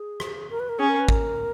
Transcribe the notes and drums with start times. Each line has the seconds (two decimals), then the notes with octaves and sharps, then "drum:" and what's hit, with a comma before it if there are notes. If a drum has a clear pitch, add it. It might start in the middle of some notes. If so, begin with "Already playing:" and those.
Already playing: G#4
0.20 drum: rim click
0.50 A#4
0.60 B4
0.69 A#4
0.79 C#4 G#4
0.89 A#4
1.00 B4
1.09 A#4, drum: kick